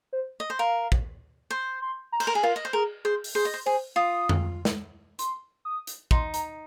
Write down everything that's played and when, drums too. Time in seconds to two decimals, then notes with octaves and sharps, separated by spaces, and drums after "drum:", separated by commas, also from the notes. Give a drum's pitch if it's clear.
0.13 C5
0.40 D#5
0.50 C5
0.59 A#4 F5
0.92 drum: kick
1.51 C5 C6
1.82 C6
2.12 A#5
2.20 C5, drum: cymbal
2.27 A#4
2.35 G#4
2.43 F4 A#4
2.56 D#5
2.65 C5
2.73 G#4 A#4
3.05 G#4 C5
3.24 drum: open hi-hat
3.35 G#4 C5
3.45 D#5
3.54 C5
3.66 G#4 C5
3.96 F4 D#6
4.29 drum: tom F2
4.65 drum: snare
5.19 C6, drum: hi-hat
5.65 D#6
5.87 drum: hi-hat
6.11 D#4 C6, drum: kick
6.34 A#5, drum: hi-hat